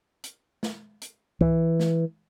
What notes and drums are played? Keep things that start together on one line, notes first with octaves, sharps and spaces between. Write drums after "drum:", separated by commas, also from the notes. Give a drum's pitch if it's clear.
drum: hi-hat
drum: snare
drum: hi-hat
E3, drum: kick C2
drum: snare